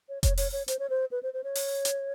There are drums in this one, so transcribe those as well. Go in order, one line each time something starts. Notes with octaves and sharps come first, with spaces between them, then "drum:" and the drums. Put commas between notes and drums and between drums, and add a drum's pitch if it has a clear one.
C#5
C#5, drum: kick F1, hi-hat
C#5, drum: open hi-hat
C#5
C5, drum: hi-hat
C#5
C5
B4
C5
C5
C#5
drum: open hi-hat
drum: hi-hat